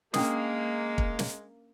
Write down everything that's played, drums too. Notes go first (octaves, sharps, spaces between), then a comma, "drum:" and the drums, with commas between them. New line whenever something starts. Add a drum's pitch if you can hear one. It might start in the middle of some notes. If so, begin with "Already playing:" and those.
G#3 A#3 C#4 D4 D#6, drum: snare
drum: kick
drum: snare